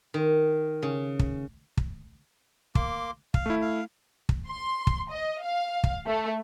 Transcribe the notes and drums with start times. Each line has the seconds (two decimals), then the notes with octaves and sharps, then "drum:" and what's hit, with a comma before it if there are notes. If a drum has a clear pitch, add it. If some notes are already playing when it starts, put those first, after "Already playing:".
0.14 D#3
0.83 C#3
1.19 drum: kick
1.77 drum: kick
2.75 A#3 C6 D6, drum: kick
3.34 F5, drum: kick
3.46 A3 E4
3.61 F5
4.29 drum: kick
4.48 C6
4.87 drum: kick
5.11 D#5
5.43 F5
5.84 drum: kick
6.07 A3